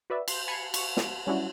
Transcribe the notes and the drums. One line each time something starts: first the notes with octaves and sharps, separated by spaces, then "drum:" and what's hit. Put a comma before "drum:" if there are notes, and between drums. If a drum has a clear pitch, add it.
F#4 B4 D5 E5
C6 G6, drum: cymbal
G#5 A5 B5 G#6 C7 C#7
C#6, drum: cymbal
drum: snare
F#3 G3 C#4 D4 E4 F#4